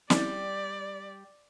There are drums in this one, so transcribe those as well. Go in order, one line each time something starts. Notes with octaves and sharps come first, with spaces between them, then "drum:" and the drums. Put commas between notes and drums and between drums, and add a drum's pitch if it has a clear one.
G3 C4 C#4 E4 D5, drum: snare